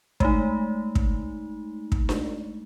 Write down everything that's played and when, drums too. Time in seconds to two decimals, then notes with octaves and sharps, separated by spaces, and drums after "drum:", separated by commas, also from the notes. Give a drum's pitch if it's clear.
0.20 G#3 A3 D#4, drum: kick
0.95 drum: kick
1.92 drum: kick
2.09 drum: snare D4